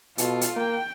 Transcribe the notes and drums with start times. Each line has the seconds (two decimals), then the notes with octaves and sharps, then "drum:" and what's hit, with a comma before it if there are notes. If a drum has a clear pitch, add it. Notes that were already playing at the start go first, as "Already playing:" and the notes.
0.18 B2 F4 A4, drum: hi-hat
0.41 drum: hi-hat
0.56 A#3 G5